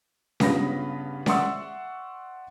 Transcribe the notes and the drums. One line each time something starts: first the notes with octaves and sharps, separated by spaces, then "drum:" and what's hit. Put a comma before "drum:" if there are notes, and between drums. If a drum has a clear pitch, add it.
G2 C#3 B3 F4 B5 A#6, drum: snare C#4
D5 E5 F#5 C6 C#6 E6, drum: snare C#4